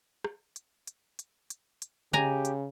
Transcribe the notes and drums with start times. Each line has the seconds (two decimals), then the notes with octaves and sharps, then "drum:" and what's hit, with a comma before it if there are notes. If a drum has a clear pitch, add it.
0.24 drum: rim click
0.56 drum: hi-hat
0.87 drum: hi-hat
1.19 drum: hi-hat
1.50 drum: hi-hat
1.82 drum: hi-hat
2.13 C#3 G4 G#5 A#5, drum: tom C#3
2.45 drum: hi-hat